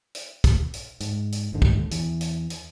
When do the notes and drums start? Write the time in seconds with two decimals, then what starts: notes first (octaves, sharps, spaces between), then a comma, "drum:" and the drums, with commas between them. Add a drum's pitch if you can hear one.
0.15 drum: hi-hat
0.44 drum: kick, hi-hat
0.74 drum: hi-hat
1.00 G#2, drum: hi-hat
1.32 drum: hi-hat
1.52 G1 D#2 G#2 D3
1.62 drum: kick
1.91 E2 E3, drum: hi-hat
2.21 drum: hi-hat
2.50 drum: hi-hat